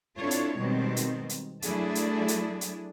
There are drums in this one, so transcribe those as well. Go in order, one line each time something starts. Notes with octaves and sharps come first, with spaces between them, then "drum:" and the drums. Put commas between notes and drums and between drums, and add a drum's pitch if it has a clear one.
C4 D4 E4 F4 A4 C#5
drum: hi-hat
B2 D#3 G3 G#3 C4
drum: hi-hat
drum: hi-hat
F#3 A3 D4 E4 G#4 A4, drum: hi-hat
drum: hi-hat
drum: hi-hat
drum: hi-hat